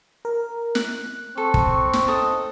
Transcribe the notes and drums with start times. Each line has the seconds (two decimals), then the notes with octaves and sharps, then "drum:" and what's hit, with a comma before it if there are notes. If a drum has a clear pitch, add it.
0.25 A#4
0.75 F#6, drum: snare
1.38 C4 A4 C#6
1.54 drum: kick
1.93 drum: snare
2.08 D#4 A4 D#6